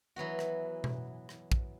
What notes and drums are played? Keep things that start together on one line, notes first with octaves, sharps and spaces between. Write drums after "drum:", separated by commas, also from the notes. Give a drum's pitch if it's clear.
E3 F#3 B3 F#4
drum: rim click
drum: tom B2
drum: rim click
drum: kick